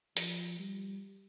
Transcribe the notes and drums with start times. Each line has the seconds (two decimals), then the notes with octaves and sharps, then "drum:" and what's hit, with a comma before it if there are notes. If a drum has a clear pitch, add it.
0.17 F3, drum: hi-hat
0.59 G3